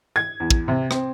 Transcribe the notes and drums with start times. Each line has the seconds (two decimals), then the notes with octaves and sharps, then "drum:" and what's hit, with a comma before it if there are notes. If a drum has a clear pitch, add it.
0.16 G#6
0.40 E2
0.50 drum: kick
0.68 C3
0.91 C4, drum: rim click